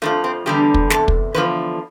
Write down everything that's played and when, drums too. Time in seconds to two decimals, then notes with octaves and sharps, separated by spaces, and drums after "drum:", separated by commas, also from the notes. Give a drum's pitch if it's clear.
0.02 F2 D3 F3 A3
0.24 C4
0.46 E2 D3 G3 G4
0.74 drum: kick
0.90 E2 C3 A4, drum: snare
1.08 drum: kick
1.34 E2 D3 F3 B4